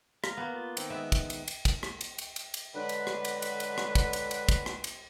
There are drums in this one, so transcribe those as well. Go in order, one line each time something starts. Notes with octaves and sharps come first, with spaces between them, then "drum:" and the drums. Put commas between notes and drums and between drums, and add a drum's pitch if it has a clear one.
F5 A#5, drum: rim click
A#3 B3
F4
D#3 C4, drum: cymbal
G#3 B3 E5
drum: kick, cymbal
drum: cymbal
drum: cymbal
drum: kick, cymbal
drum: rim click
drum: cymbal
drum: cymbal
drum: cymbal
drum: cymbal
D3 F#3 G#3 D4 B4
drum: cymbal
drum: rim click
drum: cymbal
drum: cymbal
drum: cymbal
drum: rim click
drum: kick, cymbal
drum: cymbal
drum: cymbal
drum: kick, cymbal
drum: rim click
drum: cymbal